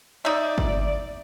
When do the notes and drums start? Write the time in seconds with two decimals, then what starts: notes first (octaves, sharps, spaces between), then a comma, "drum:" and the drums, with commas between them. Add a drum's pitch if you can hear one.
0.25 D#4 D5 E5
0.58 drum: kick G1